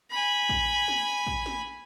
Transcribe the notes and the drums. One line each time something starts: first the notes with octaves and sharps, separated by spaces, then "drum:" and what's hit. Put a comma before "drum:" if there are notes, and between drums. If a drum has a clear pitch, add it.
G#5 B5
drum: kick
drum: snare
drum: kick
drum: snare